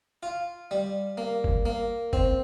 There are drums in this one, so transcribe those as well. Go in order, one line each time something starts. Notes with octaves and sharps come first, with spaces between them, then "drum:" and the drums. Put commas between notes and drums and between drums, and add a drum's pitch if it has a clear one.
F4
G3
A#3
drum: kick G1
A#3
C4, drum: kick G1